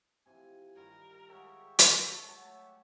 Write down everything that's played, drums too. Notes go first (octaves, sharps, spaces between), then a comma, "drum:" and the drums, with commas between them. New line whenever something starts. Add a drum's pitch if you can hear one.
C3 E3 F3 G#5
G2 D#3 A#4 B5
G#3 F#4 G4 C#5 E5 F5
A5, drum: hi-hat
F#3 A3 F#4